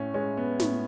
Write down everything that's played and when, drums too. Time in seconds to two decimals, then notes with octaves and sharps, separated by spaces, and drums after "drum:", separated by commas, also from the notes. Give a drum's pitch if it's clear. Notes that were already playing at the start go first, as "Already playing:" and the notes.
Already playing: A2 C#4
0.14 G#3 C#4
0.37 B3
0.60 A2, drum: snare